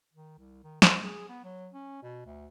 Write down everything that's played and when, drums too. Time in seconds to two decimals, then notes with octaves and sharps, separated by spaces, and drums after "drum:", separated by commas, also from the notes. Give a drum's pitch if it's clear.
0.13 D#3
0.38 C2
0.64 D#3
0.82 G#3, drum: snare
1.04 G#4
1.28 B3
1.44 F#3
1.74 C#4
2.03 B2
2.26 D2